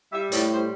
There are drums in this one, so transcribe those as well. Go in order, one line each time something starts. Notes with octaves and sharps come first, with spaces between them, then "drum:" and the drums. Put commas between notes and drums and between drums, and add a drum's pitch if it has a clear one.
G3 E5
A2 D5, drum: hi-hat
G3 C5